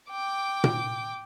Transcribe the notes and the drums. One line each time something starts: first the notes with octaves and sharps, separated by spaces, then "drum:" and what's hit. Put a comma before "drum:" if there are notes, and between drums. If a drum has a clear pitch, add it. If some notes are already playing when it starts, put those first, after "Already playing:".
G5 D6
drum: tom A#2